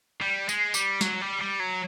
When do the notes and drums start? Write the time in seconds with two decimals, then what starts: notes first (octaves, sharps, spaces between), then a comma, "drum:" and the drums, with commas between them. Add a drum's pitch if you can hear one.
0.22 G3
0.49 G#3, drum: tambourine
0.74 G3, drum: tambourine
1.01 F#3, drum: snare
1.21 G3
1.41 G3
1.60 F#3